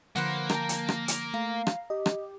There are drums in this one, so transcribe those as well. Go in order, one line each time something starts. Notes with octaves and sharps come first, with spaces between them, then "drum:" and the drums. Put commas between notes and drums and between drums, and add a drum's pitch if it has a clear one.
D3 F3 A#3 B4 C5 F#5
A#4 G5 A5 A#6, drum: rim click
drum: hi-hat
drum: rim click
drum: hi-hat
A3 F5 A#5
drum: rim click
G4 D#5
drum: rim click